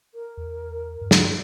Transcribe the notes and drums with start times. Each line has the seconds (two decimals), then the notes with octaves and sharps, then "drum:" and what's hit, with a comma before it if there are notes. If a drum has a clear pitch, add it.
0.15 A#4
0.37 E2
1.01 G2
1.11 drum: snare